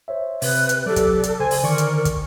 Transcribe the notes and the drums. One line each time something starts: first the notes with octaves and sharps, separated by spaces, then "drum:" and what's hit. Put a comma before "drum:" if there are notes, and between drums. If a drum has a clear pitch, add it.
C5 C#5 E5
C3 B4, drum: open hi-hat
drum: hi-hat
F#3 G4 A4 D5
drum: kick, hi-hat
drum: hi-hat
C#3 C5 G#5
drum: open hi-hat
D3 D#3 A#4 D5 C#6
drum: hi-hat
drum: kick, hi-hat